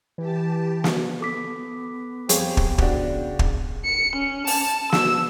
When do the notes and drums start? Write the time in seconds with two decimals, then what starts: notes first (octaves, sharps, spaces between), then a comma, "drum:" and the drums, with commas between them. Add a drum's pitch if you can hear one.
0.18 E3 G4 A5
0.84 drum: snare
1.21 B3 A4 D6 B6
2.29 F2 G4 G#4 C5 C#5 G5, drum: hi-hat
2.57 drum: kick
2.78 C#3 D4 F#4 G4, drum: kick
3.39 drum: kick
3.85 C#7
4.16 C#4
4.47 A5, drum: open hi-hat
4.92 E6, drum: snare